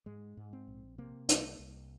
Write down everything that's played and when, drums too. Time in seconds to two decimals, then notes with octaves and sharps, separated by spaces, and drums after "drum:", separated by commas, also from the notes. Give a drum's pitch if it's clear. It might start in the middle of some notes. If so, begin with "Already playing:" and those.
0.06 G#2 G#3
0.37 G#2
0.53 C4
0.67 A#1
0.98 C3 A#3
1.29 C2, drum: hi-hat
1.59 C2